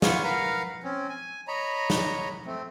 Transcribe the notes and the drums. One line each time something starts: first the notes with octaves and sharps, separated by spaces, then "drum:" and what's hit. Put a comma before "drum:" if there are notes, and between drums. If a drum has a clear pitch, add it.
F4 B4 F#5 G#5 C#6, drum: snare
A#4 B4 F5 F#5 A#5 B5
C4 C#4
G#5
C#5 D#5 A#5 B5
drum: snare
A3 C4